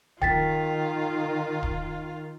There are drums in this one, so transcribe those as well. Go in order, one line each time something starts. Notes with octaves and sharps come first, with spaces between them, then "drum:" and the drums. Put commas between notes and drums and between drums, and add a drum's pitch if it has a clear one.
D#3 F4 G5 A6 B6, drum: kick D1
drum: kick D1